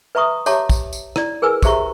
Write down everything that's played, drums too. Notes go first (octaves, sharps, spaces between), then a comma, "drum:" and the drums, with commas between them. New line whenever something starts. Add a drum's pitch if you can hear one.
B4 E5 A#5 C#6 D#6
G4 C#5 E5 A5 A#5 D6, drum: tambourine
drum: kick, tambourine
drum: tambourine
E4 D5, drum: rim click
G#4 A#4 B4 G#5 E6
G4 G#4 C5 E5 A#5 C#6, drum: kick, tambourine